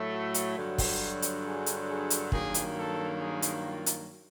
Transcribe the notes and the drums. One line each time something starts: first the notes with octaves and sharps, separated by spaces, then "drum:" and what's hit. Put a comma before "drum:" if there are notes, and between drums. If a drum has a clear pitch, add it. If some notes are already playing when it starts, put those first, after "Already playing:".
Already playing: A2 F#3 A3
F#4
drum: hi-hat
G2 D3 F#3
drum: kick, open hi-hat
drum: hi-hat
G#4
drum: hi-hat
G#4
drum: hi-hat
G2 D#3 F#3 A#3 G#4, drum: kick
drum: hi-hat
A4
G#4
drum: hi-hat
F4
drum: hi-hat